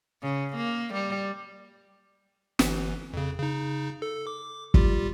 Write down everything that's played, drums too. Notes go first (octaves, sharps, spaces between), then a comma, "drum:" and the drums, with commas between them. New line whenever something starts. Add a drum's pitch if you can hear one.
C#3
A#3
G3
G1 E3, drum: snare
F2 C#3
C#3 D#4
A4
D6
G3 F4 G4, drum: kick